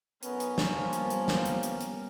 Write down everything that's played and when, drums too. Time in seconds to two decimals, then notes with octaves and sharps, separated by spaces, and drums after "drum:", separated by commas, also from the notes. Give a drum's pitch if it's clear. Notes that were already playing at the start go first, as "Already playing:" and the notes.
0.23 B1 B3 C#4 A#4, drum: hi-hat
0.40 drum: hi-hat
0.58 drum: snare
0.69 F3 G3 A#3 B3
0.93 drum: hi-hat
1.10 drum: hi-hat
1.28 drum: snare
1.45 drum: hi-hat
1.63 drum: hi-hat
1.81 drum: hi-hat